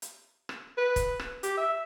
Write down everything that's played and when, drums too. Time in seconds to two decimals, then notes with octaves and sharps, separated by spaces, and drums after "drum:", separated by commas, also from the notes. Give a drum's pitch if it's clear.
0.02 drum: hi-hat
0.49 drum: rim click
0.77 B4
0.96 drum: kick, hi-hat
1.20 drum: rim click
1.43 G4, drum: hi-hat
1.57 E5